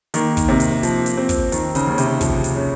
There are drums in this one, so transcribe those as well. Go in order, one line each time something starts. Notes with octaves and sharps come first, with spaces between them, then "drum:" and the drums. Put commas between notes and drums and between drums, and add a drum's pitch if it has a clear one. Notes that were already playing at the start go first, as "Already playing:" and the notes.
D#3 A#3, drum: hi-hat
drum: kick, hi-hat
C3
drum: hi-hat
F3, drum: hi-hat
drum: hi-hat
C4
drum: kick, hi-hat
D#3, drum: hi-hat
C#3, drum: hi-hat
D#2
C3, drum: hi-hat
F3, drum: kick, hi-hat
drum: hi-hat
C#3